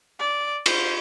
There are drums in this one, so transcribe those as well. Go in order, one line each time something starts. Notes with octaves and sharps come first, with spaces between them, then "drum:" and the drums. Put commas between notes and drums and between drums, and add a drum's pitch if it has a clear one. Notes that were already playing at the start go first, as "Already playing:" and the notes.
D5
C5, drum: cymbal